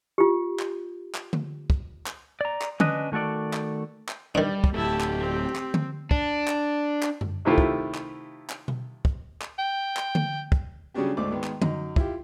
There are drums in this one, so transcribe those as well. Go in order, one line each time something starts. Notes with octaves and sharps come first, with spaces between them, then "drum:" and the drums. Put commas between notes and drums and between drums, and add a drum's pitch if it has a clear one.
F4 G4
drum: clap
drum: clap
drum: tom D3
drum: kick
drum: clap
D5 A#5
drum: clap
C#4 D4 B4 D#5, drum: tom D3
D#3 A3 F#4 A4 D5
drum: clap
drum: clap
G2 D#3 G3
drum: kick
D1 A3 E4 G4 A5
drum: clap
C4
drum: clap
drum: tom D3
D4, drum: kick
drum: clap
drum: clap
drum: tom F#2
C3 D#3 A3 E4 F4 G4
drum: kick
drum: clap
drum: clap
drum: tom B2
drum: kick
drum: clap
G5
drum: clap
drum: tom D3
drum: kick
C#3 F#3 G3 C#4 D4 G4
D2 G#2 A3 D5 D6
D#3 G#3 B3
drum: clap
F#2 D#4, drum: tom D3
E4 F4 G4, drum: kick